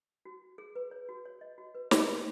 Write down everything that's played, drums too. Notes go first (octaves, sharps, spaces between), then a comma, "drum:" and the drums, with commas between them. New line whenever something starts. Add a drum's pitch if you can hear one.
F#4
G#4
B4
C#5
F#4
C#5
D#5
F#4
B4
G#4, drum: snare
F#4